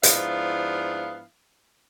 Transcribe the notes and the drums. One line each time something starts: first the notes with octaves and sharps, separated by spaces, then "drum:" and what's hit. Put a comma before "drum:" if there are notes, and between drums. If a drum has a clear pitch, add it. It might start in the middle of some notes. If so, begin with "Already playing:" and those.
G#2 F3 B3 D4 E4 F5, drum: hi-hat